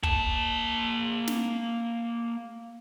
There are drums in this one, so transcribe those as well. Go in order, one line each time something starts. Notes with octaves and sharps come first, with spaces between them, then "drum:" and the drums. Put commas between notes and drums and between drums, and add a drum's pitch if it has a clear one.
A#3 A5, drum: kick
drum: snare